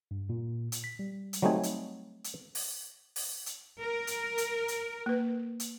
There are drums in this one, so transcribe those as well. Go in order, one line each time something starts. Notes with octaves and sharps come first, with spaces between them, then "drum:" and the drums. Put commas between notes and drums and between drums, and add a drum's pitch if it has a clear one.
G2
A#2
drum: hi-hat
B6
G3
drum: hi-hat
F#3 G3 A3 C4 D#4 G#5
drum: hi-hat
drum: hi-hat
drum: open hi-hat
drum: open hi-hat
drum: hi-hat
A#4
drum: hi-hat
drum: hi-hat
drum: hi-hat
A#3 B4
drum: hi-hat